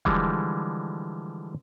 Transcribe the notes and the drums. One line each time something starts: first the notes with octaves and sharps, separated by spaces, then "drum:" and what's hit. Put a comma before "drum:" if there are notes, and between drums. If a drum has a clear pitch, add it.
D3 E3 F3 G3 G#3, drum: kick E1